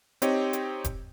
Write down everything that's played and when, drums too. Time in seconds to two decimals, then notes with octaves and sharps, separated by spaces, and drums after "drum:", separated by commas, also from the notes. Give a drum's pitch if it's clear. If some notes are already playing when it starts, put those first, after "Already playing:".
0.22 C4 D#4 G4 C#5 D#5, drum: hi-hat
0.53 drum: hi-hat
0.84 drum: kick E1, hi-hat